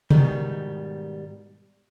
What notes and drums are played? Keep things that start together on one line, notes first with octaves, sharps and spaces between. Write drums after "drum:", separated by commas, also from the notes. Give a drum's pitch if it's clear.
G#2 B2 D#3 G3, drum: tom C3